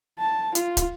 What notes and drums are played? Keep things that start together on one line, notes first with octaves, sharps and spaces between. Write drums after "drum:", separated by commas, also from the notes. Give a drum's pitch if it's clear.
A5
F4, drum: hi-hat
drum: kick, hi-hat